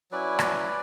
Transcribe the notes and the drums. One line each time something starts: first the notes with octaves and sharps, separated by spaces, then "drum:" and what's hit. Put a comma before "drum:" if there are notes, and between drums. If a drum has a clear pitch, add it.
F#3 C#4 E4 B4 D5
drum: rim click